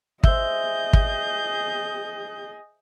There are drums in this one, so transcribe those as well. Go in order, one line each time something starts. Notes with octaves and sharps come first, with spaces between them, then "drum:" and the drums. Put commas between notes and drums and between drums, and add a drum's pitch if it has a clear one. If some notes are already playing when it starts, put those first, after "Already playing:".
G#4 C5 D#5 E5 G6, drum: kick
drum: kick